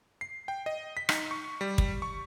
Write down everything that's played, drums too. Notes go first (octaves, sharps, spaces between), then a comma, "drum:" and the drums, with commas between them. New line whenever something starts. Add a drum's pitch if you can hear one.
C7
G5
D#5
B6
D#4, drum: rim click
C#6
G3
drum: kick
C#6